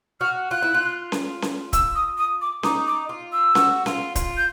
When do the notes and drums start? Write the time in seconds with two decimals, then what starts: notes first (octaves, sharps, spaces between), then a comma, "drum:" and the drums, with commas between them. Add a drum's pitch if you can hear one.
0.20 F#4 F6
0.51 F4 F#6
0.62 E4
0.74 F4
1.12 drum: snare C#4
1.42 drum: snare C#4
1.73 E6, drum: kick, hi-hat
1.95 D#6
2.18 D#6
2.41 D6
2.63 D#4 D6, drum: snare C#4
2.87 D6
3.09 F4
3.32 E6
3.55 F#4, drum: snare C#4
3.86 F4, drum: snare C#4
4.15 F4, drum: kick, hi-hat
4.37 G6